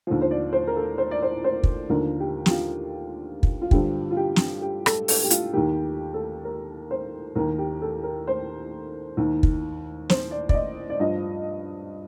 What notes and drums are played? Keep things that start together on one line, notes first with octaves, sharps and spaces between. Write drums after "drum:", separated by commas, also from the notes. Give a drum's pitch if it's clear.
D#2 D3 F3
C5
D5
C5
A#4
A4
C5
D5
C5
C5
drum: kick
D#2 D3 F3 A#4
G4
G4, drum: snare
F4
drum: kick
F4
G2 D3 F3 G4, drum: kick
F4
G4
drum: snare
G4
A4, drum: rim click
A4, drum: open hi-hat
G4
F4, drum: hi-hat
D#2 D#3 G4
A4
A#4
C5
D#2 D#3 A#4
G4
A4
A#4
C5
D#2 D#3
drum: kick
C5, drum: snare
D5
D5, drum: kick
D#5
D5
G2 F3 D#5